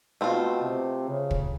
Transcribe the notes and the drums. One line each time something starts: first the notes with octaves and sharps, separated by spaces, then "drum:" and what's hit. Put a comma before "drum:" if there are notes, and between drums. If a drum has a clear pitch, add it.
B2 A3 C4 F4
C3
C#3
drum: kick